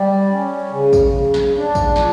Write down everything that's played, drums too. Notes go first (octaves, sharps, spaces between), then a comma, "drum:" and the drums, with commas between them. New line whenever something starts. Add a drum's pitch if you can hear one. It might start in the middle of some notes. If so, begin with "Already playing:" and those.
Already playing: G3
C#4
C#3
drum: kick, tambourine
C#3
drum: snare
D4
drum: kick, tambourine
A#2, drum: snare